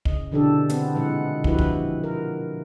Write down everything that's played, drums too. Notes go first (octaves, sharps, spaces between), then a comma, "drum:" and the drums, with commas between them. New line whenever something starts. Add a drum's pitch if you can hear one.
C#3 D#5, drum: kick
B2 D3 E3 D4 G4 A4
B3 C4, drum: hi-hat
A#2 E3 G#3 F#5
F3 E4 F#4 G4 B4, drum: kick
drum: kick
A#4